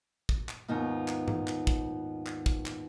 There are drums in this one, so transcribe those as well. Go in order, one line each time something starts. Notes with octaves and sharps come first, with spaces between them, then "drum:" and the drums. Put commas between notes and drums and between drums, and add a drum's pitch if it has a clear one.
drum: kick
drum: clap
D#2 G#2 B3 D#4 F4
drum: clap
drum: tom G2
drum: clap
drum: kick
drum: clap
drum: kick
drum: clap